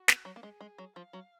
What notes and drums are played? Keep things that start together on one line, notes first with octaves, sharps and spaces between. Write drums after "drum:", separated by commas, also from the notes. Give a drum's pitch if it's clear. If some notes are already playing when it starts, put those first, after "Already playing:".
Already playing: F#4
B3, drum: snare
F#3
A#3
G#3 G#4
G#3
F#3
F3 F5
F#3